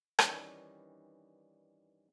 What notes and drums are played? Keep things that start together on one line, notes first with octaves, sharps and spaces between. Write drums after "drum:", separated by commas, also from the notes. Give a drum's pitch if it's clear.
G2 D#3 E3 G3 C#4, drum: rim click